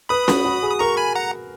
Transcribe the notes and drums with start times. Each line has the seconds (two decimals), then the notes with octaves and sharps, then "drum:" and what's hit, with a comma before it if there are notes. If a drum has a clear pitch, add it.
0.09 B4 B5 D#6
0.28 F#4, drum: snare C#4
0.45 F#4
0.63 G#4
0.70 D#6
0.79 A#4 A#5 C#6
0.97 G#5 B5
1.15 F#5 A#5